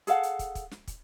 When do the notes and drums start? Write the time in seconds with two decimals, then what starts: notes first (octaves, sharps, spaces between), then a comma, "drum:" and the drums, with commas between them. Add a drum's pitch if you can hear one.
0.07 G#4 A4 F5 F#5, drum: hi-hat
0.23 drum: hi-hat
0.39 drum: kick, hi-hat
0.55 drum: kick, hi-hat
0.71 drum: snare
0.88 drum: kick, hi-hat